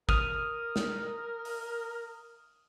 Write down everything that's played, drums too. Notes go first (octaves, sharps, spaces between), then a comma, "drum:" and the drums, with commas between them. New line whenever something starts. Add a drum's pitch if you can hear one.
A#4 D#6 F6, drum: kick G#1
drum: snare
drum: open hi-hat